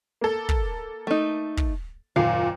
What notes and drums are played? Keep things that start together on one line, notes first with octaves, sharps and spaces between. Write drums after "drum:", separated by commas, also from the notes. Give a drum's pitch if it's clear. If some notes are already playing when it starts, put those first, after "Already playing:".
A#3 A4
drum: kick
A3 D#4
drum: kick
F#1 D#2 A#2 F5